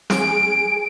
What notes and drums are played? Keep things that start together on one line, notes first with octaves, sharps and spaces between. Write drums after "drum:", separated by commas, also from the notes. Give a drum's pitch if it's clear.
G#4 D7, drum: snare